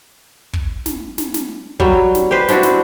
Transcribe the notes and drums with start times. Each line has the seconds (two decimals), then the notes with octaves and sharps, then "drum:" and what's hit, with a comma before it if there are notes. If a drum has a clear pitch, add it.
0.53 drum: kick
0.86 drum: snare
1.18 drum: snare
1.34 drum: snare
1.80 F#3 G3, drum: kick
2.15 drum: snare
2.31 G4 B4 C5
2.48 C4 D4 E4 F#4, drum: snare
2.63 drum: snare